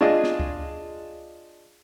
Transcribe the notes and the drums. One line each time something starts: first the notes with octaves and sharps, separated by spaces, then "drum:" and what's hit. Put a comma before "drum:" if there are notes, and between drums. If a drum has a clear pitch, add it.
D4 F4 G#4 D#5
drum: snare
drum: kick C#2